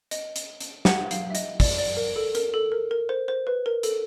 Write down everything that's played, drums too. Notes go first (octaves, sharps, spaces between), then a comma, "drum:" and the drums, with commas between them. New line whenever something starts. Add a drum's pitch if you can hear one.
D#5, drum: hi-hat
drum: hi-hat
drum: hi-hat
F#5, drum: snare
F5, drum: hi-hat
E5
D#5, drum: hi-hat
D5, drum: kick, open hi-hat
D5
A#4
A4
A#4, drum: hi-hat
A4
A#4
A#4
C5
C5
B4
A#4
A4, drum: hi-hat